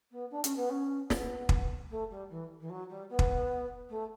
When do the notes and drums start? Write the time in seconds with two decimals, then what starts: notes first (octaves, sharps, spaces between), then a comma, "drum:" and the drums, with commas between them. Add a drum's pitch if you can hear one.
0.11 B3
0.31 D4
0.44 C#4, drum: hi-hat
0.56 B3
0.69 C#4
1.10 B3, drum: snare
1.49 drum: kick
1.90 A3
2.10 G3
2.30 E3
2.60 E3
2.69 F#3
2.89 G3
3.09 B3
3.19 drum: kick
3.89 A3